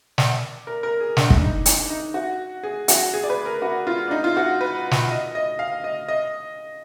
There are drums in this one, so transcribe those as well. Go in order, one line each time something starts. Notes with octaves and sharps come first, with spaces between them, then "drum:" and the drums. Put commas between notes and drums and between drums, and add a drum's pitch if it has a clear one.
D5, drum: snare
A#4
A#4
G#4
D4, drum: snare
drum: kick
D#4
D#4, drum: hi-hat
D#4
F#4
G#4
F#4, drum: hi-hat
G#4
D5
B4
A#4
F#4
F4
D4
D#4
F4
F#4
B4
drum: snare
D#5
D#5
F5
D#5
D#5